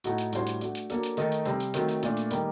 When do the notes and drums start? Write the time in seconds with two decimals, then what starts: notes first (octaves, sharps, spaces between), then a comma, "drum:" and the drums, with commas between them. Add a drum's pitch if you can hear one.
0.04 A2 A3 D#4 F#4, drum: hi-hat
0.18 drum: hi-hat
0.33 A2 G3 D4 F#4 C5, drum: hi-hat
0.47 drum: hi-hat
0.61 A3 D4 F#4, drum: hi-hat
0.75 drum: hi-hat
0.90 F#3 A#3 D4 A4, drum: hi-hat
1.03 drum: hi-hat
1.17 D#3 A3 D#4 A4, drum: hi-hat
1.32 drum: hi-hat
1.45 C3 G3 C4, drum: hi-hat
1.60 drum: hi-hat
1.74 D#3 F#3 A3 C4, drum: hi-hat
1.89 drum: hi-hat
2.03 A#2 A3 D4, drum: hi-hat
2.17 drum: hi-hat
2.31 D#3 G3 A#3 D#4 G4, drum: hi-hat